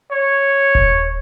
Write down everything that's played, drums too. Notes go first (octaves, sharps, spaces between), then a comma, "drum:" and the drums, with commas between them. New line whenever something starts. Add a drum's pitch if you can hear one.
C#5
drum: kick D#1